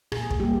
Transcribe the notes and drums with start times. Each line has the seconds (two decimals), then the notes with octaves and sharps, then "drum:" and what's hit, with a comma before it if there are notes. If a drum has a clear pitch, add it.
0.12 A#2 G#4, drum: rim click
0.31 drum: kick
0.40 G3 A#3 G4